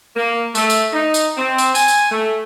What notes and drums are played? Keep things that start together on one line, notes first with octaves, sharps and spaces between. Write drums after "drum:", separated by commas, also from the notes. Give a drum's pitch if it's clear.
A#3
A3, drum: tambourine
drum: tambourine
D#4
drum: tambourine
C4
drum: tambourine
G#5, drum: tambourine
drum: tambourine
A3